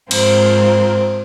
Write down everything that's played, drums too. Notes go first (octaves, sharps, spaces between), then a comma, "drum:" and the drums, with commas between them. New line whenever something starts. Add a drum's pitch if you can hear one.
G#2 F3 A#3 C4, drum: cymbal